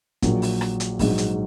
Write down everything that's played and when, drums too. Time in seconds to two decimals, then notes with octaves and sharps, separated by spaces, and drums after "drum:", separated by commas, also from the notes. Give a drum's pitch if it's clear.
0.22 A#1 A#2 F#3, drum: kick, hi-hat
0.42 drum: open hi-hat
0.61 drum: rim click
0.80 drum: hi-hat
0.99 A#1 G#2 F#3, drum: kick, open hi-hat
1.18 drum: hi-hat